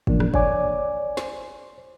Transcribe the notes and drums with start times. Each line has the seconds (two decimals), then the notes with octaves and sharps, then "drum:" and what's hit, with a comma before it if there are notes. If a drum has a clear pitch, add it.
0.07 A2 C3 E3 F3 A#3 D4, drum: kick
0.20 drum: rim click
0.34 C#5 D5 G#5 D6, drum: kick
1.17 C5, drum: snare